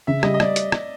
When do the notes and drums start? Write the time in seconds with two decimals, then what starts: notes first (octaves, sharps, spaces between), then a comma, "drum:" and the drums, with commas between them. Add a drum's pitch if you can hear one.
0.07 C#3 E5
0.23 G3 D#5, drum: rim click
0.34 D#5
0.40 G3 D5, drum: rim click
0.56 drum: hi-hat
0.72 drum: rim click